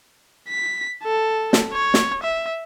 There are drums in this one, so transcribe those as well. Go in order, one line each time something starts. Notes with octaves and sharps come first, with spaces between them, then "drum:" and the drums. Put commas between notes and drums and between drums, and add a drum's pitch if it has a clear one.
B6
A4
drum: snare
C#5
drum: snare
E5